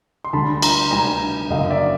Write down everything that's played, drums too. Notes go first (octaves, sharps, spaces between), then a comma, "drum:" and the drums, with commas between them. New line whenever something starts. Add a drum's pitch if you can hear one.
C6
D2 D3 G3 A5 B5
A#5 C6, drum: cymbal
D2 D3 G3 G#5 A#5
F#1 F#2 D3 F#3 D#5 F5
D5 E5